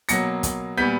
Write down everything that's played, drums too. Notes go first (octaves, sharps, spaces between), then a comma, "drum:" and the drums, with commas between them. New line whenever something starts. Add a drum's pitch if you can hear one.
B2 F#3 A#3 A#6 C#7, drum: hi-hat
drum: kick, hi-hat
A#2 G3 B3 G6 B6